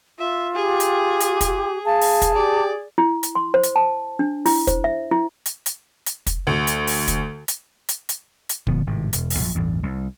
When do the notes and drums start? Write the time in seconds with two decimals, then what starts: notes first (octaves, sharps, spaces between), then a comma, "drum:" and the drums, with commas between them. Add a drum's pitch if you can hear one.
0.19 F4 E5
0.55 G4 G#4
0.80 drum: hi-hat
1.20 drum: hi-hat
1.41 drum: kick, hi-hat
1.85 G#4 F5 A5
2.01 drum: open hi-hat
2.22 drum: kick, hi-hat
2.35 G4 D5
2.98 E4
3.23 drum: hi-hat
3.35 C6
3.54 C5
3.63 drum: hi-hat
3.76 A5
4.19 D4
4.46 E4, drum: open hi-hat
4.67 C5, drum: kick, hi-hat
4.84 E5
5.11 E4
5.46 drum: hi-hat
5.66 drum: hi-hat
6.06 drum: hi-hat
6.27 drum: kick, hi-hat
6.47 D2
6.67 drum: hi-hat
6.87 drum: open hi-hat
7.08 drum: kick, hi-hat
7.48 drum: hi-hat
7.89 drum: hi-hat
8.09 drum: hi-hat
8.49 drum: hi-hat
8.67 A#2 D3 F3 B3, drum: kick
8.87 G#1 A2 C3
9.13 E1, drum: hi-hat
9.30 drum: open hi-hat
9.40 A#1 F#2
9.55 A1 E2 G2
9.83 C2